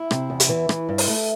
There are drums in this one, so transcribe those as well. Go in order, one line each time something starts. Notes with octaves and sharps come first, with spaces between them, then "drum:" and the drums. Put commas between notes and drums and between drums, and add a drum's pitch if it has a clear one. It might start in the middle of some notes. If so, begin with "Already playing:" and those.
Already playing: E4
C3, drum: rim click
E2
drum: hi-hat
E3
E3, drum: rim click
G2
drum: open hi-hat
A3